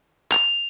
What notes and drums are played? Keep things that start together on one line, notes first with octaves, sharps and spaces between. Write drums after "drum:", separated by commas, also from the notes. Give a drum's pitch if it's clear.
F7, drum: clap